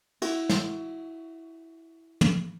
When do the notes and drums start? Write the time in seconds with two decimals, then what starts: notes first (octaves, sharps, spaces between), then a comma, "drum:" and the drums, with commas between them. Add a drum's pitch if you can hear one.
0.22 E4 F#4, drum: cymbal
0.49 drum: snare
2.21 drum: tom